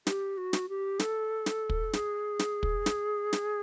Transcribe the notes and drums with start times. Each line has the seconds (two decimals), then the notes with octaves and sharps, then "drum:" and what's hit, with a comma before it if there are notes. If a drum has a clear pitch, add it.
0.07 G4, drum: snare
0.37 F#4
0.53 drum: snare
0.69 G4
0.99 A4, drum: snare
1.46 drum: snare
1.70 drum: kick
1.93 G#4, drum: snare
2.39 drum: snare
2.63 drum: kick
2.86 drum: snare
3.33 drum: snare